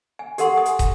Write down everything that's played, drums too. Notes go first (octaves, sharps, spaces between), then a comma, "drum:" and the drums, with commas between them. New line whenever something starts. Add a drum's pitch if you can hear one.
G#5
G4 A4 A#4 F#5 C6 C#6, drum: hi-hat
G#5 D#6
drum: hi-hat
drum: kick, hi-hat